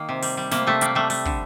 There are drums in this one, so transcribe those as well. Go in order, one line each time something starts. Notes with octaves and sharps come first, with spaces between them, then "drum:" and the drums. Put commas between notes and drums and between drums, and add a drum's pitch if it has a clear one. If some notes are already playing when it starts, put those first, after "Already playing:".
Already playing: D#3 A#3
C3
G3, drum: open hi-hat
G3
C3 A#3, drum: snare
C3 A3
G3 A#3, drum: hi-hat
G3 A3
A3, drum: open hi-hat
D3, drum: kick